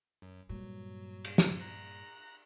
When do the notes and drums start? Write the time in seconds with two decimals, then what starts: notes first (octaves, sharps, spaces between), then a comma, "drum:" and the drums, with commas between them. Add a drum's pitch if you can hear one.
0.22 F#2
0.49 G2 A#2 F#3
1.25 drum: cymbal
1.38 drum: snare
1.60 A#5 F#6 A#6